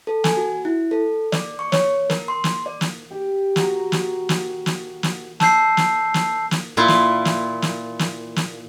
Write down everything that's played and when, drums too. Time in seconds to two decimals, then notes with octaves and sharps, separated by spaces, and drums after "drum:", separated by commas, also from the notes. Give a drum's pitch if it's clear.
0.07 A4
0.24 G#5, drum: snare
0.37 F#4
0.65 E4
0.91 A4
1.32 D5, drum: snare
1.59 C#6
1.72 C#5, drum: snare
2.10 A#4, drum: snare
2.28 C6
2.44 drum: snare
2.66 D5
2.81 drum: snare
3.11 G4
3.56 F#4 A#5, drum: snare
3.92 drum: snare
4.29 drum: snare
4.66 drum: snare
5.03 drum: snare
5.40 A5 E6 G6 C7, drum: snare
5.77 drum: snare
6.14 drum: snare
6.51 drum: snare
6.77 A#2 E4 F4
6.88 drum: snare
7.25 drum: snare
7.62 drum: snare
7.99 drum: snare
8.36 drum: snare